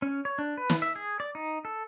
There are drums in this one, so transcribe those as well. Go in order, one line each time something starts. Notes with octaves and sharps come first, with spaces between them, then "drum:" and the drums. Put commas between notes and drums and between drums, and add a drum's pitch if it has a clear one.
C#4
C#5
D4
B4
drum: snare
E5
G#4
D5
D#4
A4